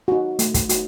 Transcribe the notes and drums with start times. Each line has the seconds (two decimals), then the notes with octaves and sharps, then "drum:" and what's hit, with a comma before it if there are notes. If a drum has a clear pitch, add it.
0.08 D#4 F#4
0.39 A3, drum: hi-hat
0.54 drum: kick, hi-hat
0.69 D#4 F#4, drum: hi-hat